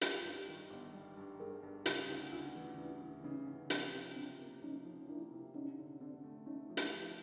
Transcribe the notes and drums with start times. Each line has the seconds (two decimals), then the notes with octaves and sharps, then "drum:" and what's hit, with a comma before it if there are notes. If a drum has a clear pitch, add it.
0.01 G3 F4 G4, drum: hi-hat
0.25 G2
0.48 D#3
0.70 G1
0.94 G3
1.17 G2
1.40 G2 G#4 A#4
1.63 G2
1.86 C#3 D#4 F4, drum: hi-hat
2.09 D2
2.32 D2 D#4 F4
2.55 E3
2.78 D2 D4 E4
3.01 E3
3.24 C#3 C#4 D#4
3.47 C#3
3.70 F3 C4 D4, drum: hi-hat
3.94 C3
4.16 C3 C4 D4
4.40 A#3
4.62 F3 C#4 D#4
4.85 F3
5.08 A#3 D4 E4
5.31 C3
5.54 D3 C#4 D#4
5.78 D3
6.00 D3 C4 D4
6.24 A3
6.46 A3 C#4 D#4
6.69 F3
6.77 D4 E4, drum: hi-hat
6.92 F3